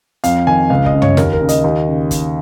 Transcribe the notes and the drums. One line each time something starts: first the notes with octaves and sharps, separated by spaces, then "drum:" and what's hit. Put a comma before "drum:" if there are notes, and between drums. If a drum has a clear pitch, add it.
F2 F5, drum: hi-hat
D#3 G#5
C#2 F5
D#5, drum: kick G1
C#3
C#5, drum: tom
D#2 A#4, drum: snare
A#4, drum: kick G1
C#3
D#5, drum: hi-hat
D#2
C#3
drum: kick G1, hi-hat